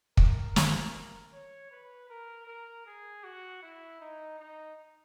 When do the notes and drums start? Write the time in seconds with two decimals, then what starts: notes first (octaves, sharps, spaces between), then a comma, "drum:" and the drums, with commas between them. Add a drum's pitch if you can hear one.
0.17 A#4, drum: kick
0.56 drum: snare
1.33 C#5
1.71 B4
2.09 A#4
2.47 A#4
2.86 G#4
3.24 F#4
3.62 E4
4.01 D#4
4.39 D#4